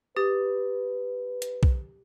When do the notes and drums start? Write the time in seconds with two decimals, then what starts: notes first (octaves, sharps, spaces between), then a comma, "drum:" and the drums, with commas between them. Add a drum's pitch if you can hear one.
0.16 G4 B4 D#6 A6
1.42 drum: hi-hat
1.63 drum: kick B1